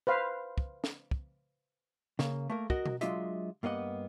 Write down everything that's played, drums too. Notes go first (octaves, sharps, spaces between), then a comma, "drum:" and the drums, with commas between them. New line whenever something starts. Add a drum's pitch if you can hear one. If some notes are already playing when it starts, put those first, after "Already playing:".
B4 C5 F5
drum: kick
drum: snare
drum: kick
C#3 A#3, drum: snare
A3 A#3 A#4
F#4 A#4 D#5, drum: kick
drum: tom B2
F#3 G#3 D4 F4 D#5 E5, drum: hi-hat
G2 A#3 B3 D#5 F#5